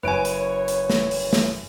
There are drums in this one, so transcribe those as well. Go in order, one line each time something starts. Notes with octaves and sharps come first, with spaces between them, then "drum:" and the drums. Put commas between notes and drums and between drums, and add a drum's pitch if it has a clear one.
F#1 B4 C#5 G#5 D7
drum: hi-hat
drum: hi-hat
drum: snare
drum: open hi-hat
drum: snare